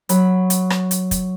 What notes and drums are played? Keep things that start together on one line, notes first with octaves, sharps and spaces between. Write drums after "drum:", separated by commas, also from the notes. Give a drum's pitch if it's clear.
F#3 B5, drum: hi-hat
drum: hi-hat
drum: rim click
drum: hi-hat
drum: kick, hi-hat